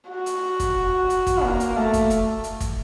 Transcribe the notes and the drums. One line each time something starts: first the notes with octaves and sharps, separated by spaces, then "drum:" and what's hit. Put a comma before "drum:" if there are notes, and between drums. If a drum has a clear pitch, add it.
F#4
drum: hi-hat
drum: kick, hi-hat
drum: hi-hat
drum: kick, hi-hat
A#3
drum: hi-hat
A3
drum: kick, hi-hat
drum: hi-hat
drum: hi-hat
drum: kick, hi-hat